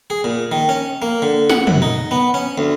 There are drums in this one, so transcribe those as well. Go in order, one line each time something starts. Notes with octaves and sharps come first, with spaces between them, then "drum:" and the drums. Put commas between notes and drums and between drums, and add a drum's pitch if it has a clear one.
G#4
A#2
D#3
C#4
A#3
D3
F#5, drum: snare
F#2, drum: tom
D#4
B3
C#4
D2